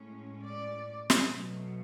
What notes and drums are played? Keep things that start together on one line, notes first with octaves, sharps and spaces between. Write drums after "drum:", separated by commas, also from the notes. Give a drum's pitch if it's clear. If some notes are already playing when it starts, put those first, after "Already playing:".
Already playing: A2 G#3 C#4
D5
drum: snare
B2 F#3 A3